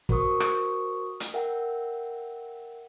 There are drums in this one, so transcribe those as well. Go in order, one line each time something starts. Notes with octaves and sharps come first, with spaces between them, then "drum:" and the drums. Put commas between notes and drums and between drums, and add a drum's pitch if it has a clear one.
F#4 A#4 C5 C#6 D#6, drum: kick
drum: rim click
drum: hi-hat
A#4 E5 F#5 G5